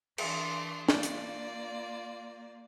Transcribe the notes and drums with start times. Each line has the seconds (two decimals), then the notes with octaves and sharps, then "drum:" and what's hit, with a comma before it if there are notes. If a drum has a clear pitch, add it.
0.18 E3 D4 C6, drum: cymbal
0.89 A#3 F4 D5, drum: snare
1.03 drum: hi-hat